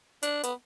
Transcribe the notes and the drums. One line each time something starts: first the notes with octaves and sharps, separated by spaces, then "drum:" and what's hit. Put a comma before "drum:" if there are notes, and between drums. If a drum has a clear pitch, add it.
D4, drum: hi-hat
B3, drum: hi-hat